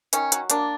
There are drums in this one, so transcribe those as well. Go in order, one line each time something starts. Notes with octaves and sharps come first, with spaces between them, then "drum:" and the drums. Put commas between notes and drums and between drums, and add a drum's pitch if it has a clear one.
D#3 C#4, drum: hi-hat
F#3, drum: hi-hat
A#3 D4, drum: hi-hat